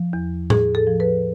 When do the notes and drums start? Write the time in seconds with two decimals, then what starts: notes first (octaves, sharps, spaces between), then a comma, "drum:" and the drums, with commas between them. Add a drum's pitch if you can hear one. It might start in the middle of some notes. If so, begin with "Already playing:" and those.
Already playing: F3
0.13 E2
0.50 A2 G#4, drum: tom A2
0.75 A4
0.87 F3
1.00 B4